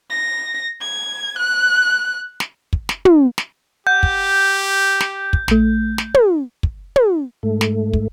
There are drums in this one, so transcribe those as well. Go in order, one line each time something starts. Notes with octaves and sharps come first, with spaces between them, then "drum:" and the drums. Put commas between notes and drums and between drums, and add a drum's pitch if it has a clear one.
A#6
G#6
F#6
drum: snare
drum: kick
drum: snare
drum: tom
drum: snare
G4 F#5 G6
drum: kick
drum: snare
drum: kick
A#1 A3, drum: snare
drum: snare
drum: tom
drum: kick
drum: tom
G#2 A3
drum: snare
drum: kick